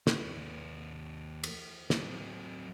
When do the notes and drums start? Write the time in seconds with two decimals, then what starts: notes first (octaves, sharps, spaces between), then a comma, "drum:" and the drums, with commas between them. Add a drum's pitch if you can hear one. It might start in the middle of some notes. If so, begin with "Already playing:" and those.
0.07 D#2 B4, drum: snare
1.43 drum: cymbal
1.90 F#3 C4, drum: snare